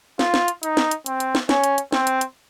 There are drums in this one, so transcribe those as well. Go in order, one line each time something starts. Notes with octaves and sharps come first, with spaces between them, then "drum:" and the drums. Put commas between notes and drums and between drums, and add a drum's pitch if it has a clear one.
F4, drum: snare
drum: snare
drum: hi-hat
D#4, drum: hi-hat
drum: snare
drum: hi-hat
C4, drum: hi-hat
drum: hi-hat
drum: snare
C#4, drum: snare
drum: hi-hat
drum: hi-hat
C4, drum: snare
drum: hi-hat
drum: hi-hat